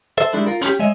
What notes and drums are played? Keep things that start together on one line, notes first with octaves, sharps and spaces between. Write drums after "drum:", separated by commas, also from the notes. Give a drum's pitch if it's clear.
A4 C5 E5
G3 G#3 D4 E4
F4 A#4
C#4 G4, drum: hi-hat
G#3 C#5 D#5 E5